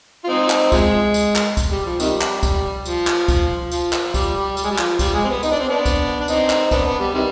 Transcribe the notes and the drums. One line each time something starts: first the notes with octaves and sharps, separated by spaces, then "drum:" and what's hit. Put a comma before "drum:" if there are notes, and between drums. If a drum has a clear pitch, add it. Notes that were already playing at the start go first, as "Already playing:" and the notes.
F4
C4 D#4
drum: clap
C3 F3 G#3, drum: kick, tambourine
drum: tambourine
drum: clap
drum: kick, tambourine
G3
F3
C3 D#3 G3, drum: tambourine
drum: clap
drum: kick, tambourine
F3, drum: tambourine
drum: clap
drum: kick, tambourine
F3, drum: tambourine
drum: clap
G3, drum: kick, tambourine
G3
G3, drum: tambourine
G#3
G3
F3, drum: clap
G3, drum: kick, tambourine
G#3
C4
B3
D#4, drum: tambourine
D4
C4
B3 D4
drum: kick, tambourine
D4
C4 D#4, drum: tambourine
drum: clap
B3 D4, drum: kick, tambourine
B3
G3
C3 D#3 G3